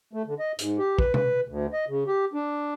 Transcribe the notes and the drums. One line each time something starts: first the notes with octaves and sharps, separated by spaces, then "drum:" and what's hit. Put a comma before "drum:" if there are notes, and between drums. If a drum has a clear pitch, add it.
A3
D3
D#5
G#2, drum: hi-hat
G4
B4, drum: kick
B4, drum: tom C3
D2
D#5
C#3
G4
D4